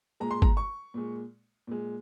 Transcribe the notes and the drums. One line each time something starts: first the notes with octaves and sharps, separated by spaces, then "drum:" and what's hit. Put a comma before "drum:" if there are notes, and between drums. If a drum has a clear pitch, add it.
A#2 G#3 A#5
C6
A#5, drum: kick
C#6
A#2 G#3
A#2 G#3